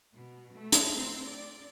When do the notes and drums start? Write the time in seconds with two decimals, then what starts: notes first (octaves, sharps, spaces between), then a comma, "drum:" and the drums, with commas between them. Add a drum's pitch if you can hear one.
0.12 B2
0.51 A3
0.72 drum: hi-hat
0.93 C4
1.24 D5